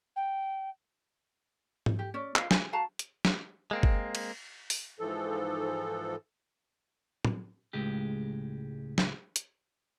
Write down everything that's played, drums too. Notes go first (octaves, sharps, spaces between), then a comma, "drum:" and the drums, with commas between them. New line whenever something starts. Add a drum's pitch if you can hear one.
G5
drum: tom G#2
G4
C#4 D5
F4 F5, drum: clap
G#5, drum: snare
F#4 F5 A5 A#5
drum: hi-hat
drum: snare
G#3 A#3 C4
drum: kick G1
drum: cymbal
drum: open hi-hat
G#2 E3 F3 A4
drum: tom A2
C#2 A2 G#3 G4
drum: snare
drum: hi-hat